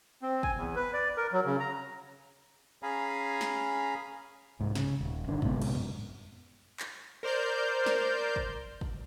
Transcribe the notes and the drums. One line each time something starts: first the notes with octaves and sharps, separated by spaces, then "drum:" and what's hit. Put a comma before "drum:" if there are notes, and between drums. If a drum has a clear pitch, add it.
C4
G#5, drum: kick
E2
B4
D5
A#4
F#3
C#3
A#5
C#4 G#4 F5 G#5 A#5 B5
drum: snare
C2 G#2
C#3, drum: snare
D#1
G1 D3 D#3 D4
A2 C3 G#3 B3, drum: kick
drum: cymbal
F#2, drum: tom G2
drum: clap
A#4 C5 D5 F6 G6
drum: snare
drum: kick
drum: kick